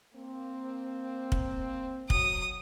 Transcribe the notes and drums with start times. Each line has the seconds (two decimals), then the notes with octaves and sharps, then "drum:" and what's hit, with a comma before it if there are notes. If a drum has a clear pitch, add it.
0.13 A#3 C4
1.32 drum: kick
2.10 F#3 D#6, drum: kick